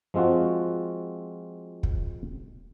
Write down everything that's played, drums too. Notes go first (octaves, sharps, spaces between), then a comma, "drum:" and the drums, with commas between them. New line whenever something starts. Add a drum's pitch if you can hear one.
F3 G#3 C4 F4 F#4
drum: kick